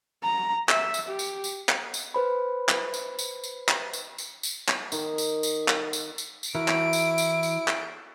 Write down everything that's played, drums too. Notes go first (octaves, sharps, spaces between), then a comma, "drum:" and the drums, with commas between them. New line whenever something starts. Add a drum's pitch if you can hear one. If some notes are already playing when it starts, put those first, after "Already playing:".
A#5
E5, drum: clap
drum: tambourine
G4
drum: tambourine
drum: tambourine
drum: clap
drum: tambourine
B4 C5 B5
drum: clap
drum: tambourine
drum: tambourine
drum: tambourine
drum: clap
drum: tambourine
drum: tambourine
drum: tambourine
drum: clap
D#3 D#5, drum: tambourine
drum: tambourine
drum: tambourine
drum: clap
drum: tambourine
drum: tambourine
drum: tambourine
E3 E4 F#4 A#4 D7
drum: clap
drum: tambourine
drum: tambourine
drum: tambourine
drum: clap